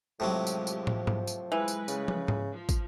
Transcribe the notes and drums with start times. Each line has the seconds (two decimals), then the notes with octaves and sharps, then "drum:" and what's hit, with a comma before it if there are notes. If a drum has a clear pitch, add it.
0.20 A2 C3 F3 F#3 G#3 G4
0.47 drum: tambourine
0.67 drum: tambourine
0.87 drum: tom
1.07 drum: tom G#2
1.27 drum: tambourine
1.52 E3 G#3 B4
1.68 drum: tambourine
1.88 C#3, drum: tambourine
2.08 drum: tom
2.28 drum: tom G#2
2.52 F3
2.69 drum: kick, tambourine